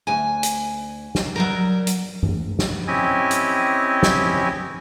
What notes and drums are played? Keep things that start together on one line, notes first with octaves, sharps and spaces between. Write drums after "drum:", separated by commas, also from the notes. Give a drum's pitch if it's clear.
D2 G#5
drum: hi-hat
drum: snare
F#3 G3 A#4
drum: hi-hat
drum: tom G2
drum: snare
C4 C#4 E4 G4 D#5 G#5
drum: hi-hat
drum: snare